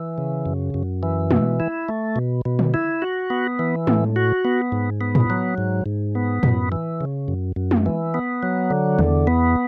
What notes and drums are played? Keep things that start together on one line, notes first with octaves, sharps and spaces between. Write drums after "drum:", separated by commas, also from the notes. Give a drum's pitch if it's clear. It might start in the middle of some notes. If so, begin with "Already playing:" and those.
Already playing: E3
C#3
F#2
F#2
E3
B2, drum: tom G#3
E4
A3
B2
B2
drum: tom D3
E4
F#4
B3
E3
A2, drum: tom G#3
F#4
B3
G#2
B3
drum: tom A2
F#3
G#2
G#2
B3
F#2, drum: tom A2
E3
C#3
F#2
F#2
drum: tom G#3
E3
B3
F#3
D3
E2, drum: tom D3
B3